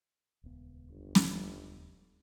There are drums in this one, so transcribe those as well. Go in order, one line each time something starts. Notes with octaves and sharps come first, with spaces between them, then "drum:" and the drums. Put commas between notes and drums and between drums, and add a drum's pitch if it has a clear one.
D#1 C#2 B3
G1
drum: snare